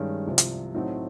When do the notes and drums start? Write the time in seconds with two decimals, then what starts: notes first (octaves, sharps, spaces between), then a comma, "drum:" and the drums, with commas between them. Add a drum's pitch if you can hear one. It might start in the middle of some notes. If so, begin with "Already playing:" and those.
Already playing: G2 D#3 G#3 C#4
0.26 C2 C3 F3
0.38 drum: hi-hat
0.74 A2 F#3 A3 C4 D#4